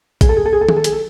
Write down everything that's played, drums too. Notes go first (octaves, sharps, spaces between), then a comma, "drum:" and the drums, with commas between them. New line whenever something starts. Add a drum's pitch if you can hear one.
G#4, drum: kick, hi-hat
A4
G#4
A4
G#4
A4
G#4, drum: tom D#3
A4
G#4, drum: hi-hat
A4